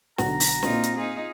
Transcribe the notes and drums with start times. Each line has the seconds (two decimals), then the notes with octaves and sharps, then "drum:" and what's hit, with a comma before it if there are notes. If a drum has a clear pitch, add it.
0.18 B1 D3 F#5 A#5, drum: snare
0.40 drum: open hi-hat
0.63 A#2 C4 D#4 F4, drum: snare
0.83 drum: hi-hat
0.97 D#4 F4 G#4